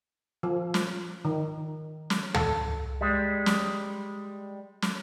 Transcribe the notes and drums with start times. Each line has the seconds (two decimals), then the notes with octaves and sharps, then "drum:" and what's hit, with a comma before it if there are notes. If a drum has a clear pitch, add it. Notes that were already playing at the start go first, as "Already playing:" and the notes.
0.43 F3
0.74 drum: snare
1.25 D#3
2.10 drum: snare
2.34 A4, drum: tom C#2
3.01 G3 G#3
3.46 drum: snare
4.82 drum: snare